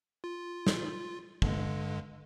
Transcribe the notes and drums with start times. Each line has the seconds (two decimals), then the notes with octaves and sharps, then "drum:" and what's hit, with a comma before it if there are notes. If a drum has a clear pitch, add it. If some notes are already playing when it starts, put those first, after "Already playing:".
0.24 F4
0.67 drum: snare
1.42 G2 D3 G#3, drum: kick